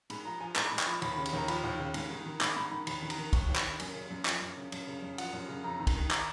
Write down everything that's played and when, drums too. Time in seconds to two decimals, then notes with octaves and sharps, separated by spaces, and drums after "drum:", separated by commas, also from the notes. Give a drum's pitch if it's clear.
0.10 G#2 B5, drum: cymbal
0.25 F3 A#5
0.40 F3 G#5
0.56 G#2 A#5, drum: clap
0.67 G#2 B5
0.79 C#6, drum: clap
0.87 F3 B5
1.02 D#2 B5, drum: cymbal
1.14 B5
1.17 C#3
1.26 B5, drum: cymbal
1.33 D#2 A#5
1.48 F3 B5, drum: cymbal
1.64 D#2
1.79 C#3
1.94 G#2, drum: cymbal
2.10 D#3
2.26 D#3
2.41 G#2 B5, drum: clap
2.56 G#2 B5
2.71 D#3 B5
2.87 D#2 B5, drum: cymbal
3.02 D#3
3.10 A#5, drum: cymbal
3.18 D#3
3.33 D#2 C#6, drum: kick, cymbal
3.49 D#2
3.56 B5, drum: clap
3.64 D#3
3.80 F#2 G#5, drum: cymbal
3.95 C#3
4.10 F#2
4.25 F3, drum: clap
4.40 F#2
4.57 C#3
4.72 F#2, drum: cymbal
4.87 C#3
5.02 F#2
5.18 F3 F#5, drum: cymbal
5.33 F#2
5.49 C#3
5.64 F2 A#5
5.80 D#3
5.87 A#5, drum: kick, cymbal
5.95 D#3
6.11 A#5, drum: clap